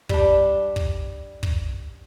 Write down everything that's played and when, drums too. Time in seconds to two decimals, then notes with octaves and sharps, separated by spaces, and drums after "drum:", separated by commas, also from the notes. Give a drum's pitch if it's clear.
0.09 G3 D4, drum: kick
0.76 drum: kick
1.43 drum: kick